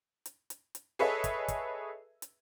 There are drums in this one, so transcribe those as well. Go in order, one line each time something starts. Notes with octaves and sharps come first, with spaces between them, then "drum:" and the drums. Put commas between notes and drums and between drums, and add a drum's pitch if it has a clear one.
drum: hi-hat
drum: hi-hat
drum: hi-hat
G#4 A4 B4 C#5 D#5 E5
drum: kick, hi-hat
drum: kick, hi-hat
drum: hi-hat